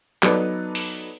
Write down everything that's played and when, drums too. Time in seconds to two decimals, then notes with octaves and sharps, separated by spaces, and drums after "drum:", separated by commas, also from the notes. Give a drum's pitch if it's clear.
0.23 F#3 B3 D#4 A4 B4 D5, drum: clap
0.75 drum: open hi-hat